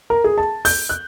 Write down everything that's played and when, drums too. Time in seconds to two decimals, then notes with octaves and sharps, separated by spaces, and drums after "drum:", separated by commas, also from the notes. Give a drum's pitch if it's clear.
0.10 A#4
0.24 G#4
0.38 A5
0.65 G6, drum: open hi-hat
0.89 F#6